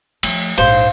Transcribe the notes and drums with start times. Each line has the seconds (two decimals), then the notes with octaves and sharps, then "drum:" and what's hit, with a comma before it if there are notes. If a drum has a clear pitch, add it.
0.23 F3 A3, drum: cymbal
0.58 A#1 G#2 C5 F5